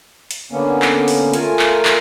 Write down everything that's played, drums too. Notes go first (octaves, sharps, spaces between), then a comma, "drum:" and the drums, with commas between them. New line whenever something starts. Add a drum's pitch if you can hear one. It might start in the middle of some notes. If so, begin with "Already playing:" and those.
drum: hi-hat
D3 A#3 B3 C#4
drum: clap
drum: open hi-hat
A3 F4 A#4 G#5, drum: hi-hat
drum: clap
drum: clap